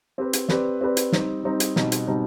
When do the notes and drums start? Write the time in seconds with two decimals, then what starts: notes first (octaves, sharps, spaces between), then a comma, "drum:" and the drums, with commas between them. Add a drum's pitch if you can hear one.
0.18 C4 G4 B4
0.33 drum: hi-hat
0.49 C4 G4 B4 D5, drum: snare
0.81 C4 G4 B4 D5
0.97 drum: hi-hat
1.12 G3 C4 D#4, drum: snare
1.44 G3 C4 D#4
1.60 drum: hi-hat
1.76 B2 G3 C4 D#4, drum: snare
1.92 drum: hi-hat
2.07 B2 G3 C4 D#4